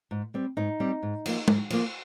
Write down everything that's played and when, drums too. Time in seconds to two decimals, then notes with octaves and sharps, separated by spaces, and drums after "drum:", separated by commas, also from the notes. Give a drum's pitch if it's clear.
0.11 G#2
0.34 G3 C4
0.57 G#2 D#4
0.80 G3 C4
1.03 G#2
1.26 F3 A#3, drum: cymbal
1.48 G#2, drum: tom G#3
1.70 F3 A#3, drum: cymbal